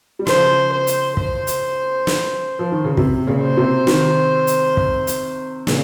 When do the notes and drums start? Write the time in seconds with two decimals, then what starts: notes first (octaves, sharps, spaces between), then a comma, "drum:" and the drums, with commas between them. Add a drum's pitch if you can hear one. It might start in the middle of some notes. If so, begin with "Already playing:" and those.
0.19 G3
0.27 C#3 F3 C5, drum: snare
0.72 C5
0.87 drum: hi-hat
1.17 C5, drum: kick
1.47 drum: hi-hat
2.07 drum: snare
2.59 F3
2.72 D#3
2.84 C#3
2.97 C3, drum: kick
3.27 A#2 C#3
3.42 C5
3.57 C3
3.87 C3 D#3, drum: snare
4.47 drum: hi-hat
4.77 drum: kick
5.07 drum: hi-hat
5.67 A#2 C#3, drum: snare